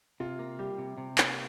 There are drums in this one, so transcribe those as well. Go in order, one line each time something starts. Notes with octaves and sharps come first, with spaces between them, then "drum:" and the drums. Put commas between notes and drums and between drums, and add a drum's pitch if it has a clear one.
C3 F4
A#3
G3 G4
C3
C3
A#3, drum: clap